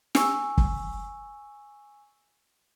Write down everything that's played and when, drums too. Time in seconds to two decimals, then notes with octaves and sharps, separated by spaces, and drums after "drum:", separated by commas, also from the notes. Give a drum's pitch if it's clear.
0.15 G#5 C#6 E6, drum: snare
0.58 drum: kick F#1